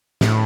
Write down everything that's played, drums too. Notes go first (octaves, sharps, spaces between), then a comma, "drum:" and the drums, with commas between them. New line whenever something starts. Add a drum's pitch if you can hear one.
A2, drum: snare